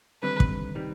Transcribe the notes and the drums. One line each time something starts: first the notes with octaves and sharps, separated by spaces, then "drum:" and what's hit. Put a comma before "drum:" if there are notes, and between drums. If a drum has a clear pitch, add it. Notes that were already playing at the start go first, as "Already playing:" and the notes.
D#2 D3 G3 C4 B4
drum: kick
C3 D#3 G3 C4